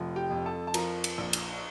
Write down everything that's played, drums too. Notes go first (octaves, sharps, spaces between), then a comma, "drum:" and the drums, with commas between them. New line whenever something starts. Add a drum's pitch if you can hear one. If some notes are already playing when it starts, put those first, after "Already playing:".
Already playing: F1 F3
G4 G5
F2
A4 A5
A5
F3 A#4 A#5, drum: cymbal
drum: cymbal
A#1
drum: cymbal